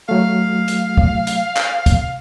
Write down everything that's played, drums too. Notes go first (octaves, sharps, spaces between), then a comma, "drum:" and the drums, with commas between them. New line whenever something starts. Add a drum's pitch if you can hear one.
F#3 A3 F5
drum: hi-hat
drum: kick
drum: hi-hat
drum: clap
drum: kick, hi-hat